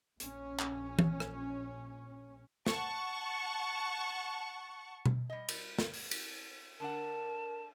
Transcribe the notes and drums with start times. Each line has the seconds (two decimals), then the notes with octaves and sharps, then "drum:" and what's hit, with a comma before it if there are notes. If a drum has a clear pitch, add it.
0.20 A#1 C#4, drum: hi-hat
0.59 drum: clap
0.99 drum: tom E3
1.20 drum: rim click
2.67 F#5 A5 C#6, drum: snare
5.06 drum: tom B2
5.30 G3 D#5
5.49 drum: cymbal
5.79 drum: snare
5.94 drum: open hi-hat
6.11 drum: cymbal
6.80 D3 D4 A#4 F#5 A5